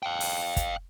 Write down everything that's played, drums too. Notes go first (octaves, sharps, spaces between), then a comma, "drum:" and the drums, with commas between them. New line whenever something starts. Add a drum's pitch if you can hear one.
F5 G5
drum: open hi-hat
drum: kick, hi-hat